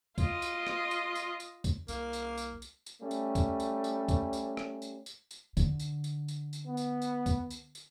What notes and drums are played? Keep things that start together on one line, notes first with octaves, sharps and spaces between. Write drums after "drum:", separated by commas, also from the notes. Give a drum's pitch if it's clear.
F4 D#5, drum: kick C#2, tambourine
drum: tambourine
drum: rim click
drum: tambourine
drum: tambourine
drum: tambourine
drum: kick C#2, tambourine
C2 A#3, drum: tambourine
drum: tambourine
drum: tambourine
drum: tambourine
drum: tambourine
G3 A3 C#4
drum: tambourine
drum: kick C#2, tambourine
drum: tambourine
drum: tambourine
drum: kick C#2, tambourine
drum: tambourine
drum: rim click
drum: tambourine
drum: tambourine
drum: tambourine
D3, drum: kick C#2, tambourine
drum: tambourine
drum: tambourine
drum: tambourine
drum: tambourine
B3
drum: tambourine
drum: tambourine
drum: kick C#2, tambourine
drum: tambourine
drum: tambourine